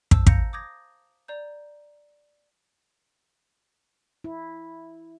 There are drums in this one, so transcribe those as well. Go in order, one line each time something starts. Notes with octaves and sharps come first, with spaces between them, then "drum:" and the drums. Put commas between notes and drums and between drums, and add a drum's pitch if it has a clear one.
C5 A5 E6, drum: kick
F5 A#5 G6 A#6 C#7, drum: kick
D6 D#6 G6 G#6 A#6
D5 A#5 G6
E4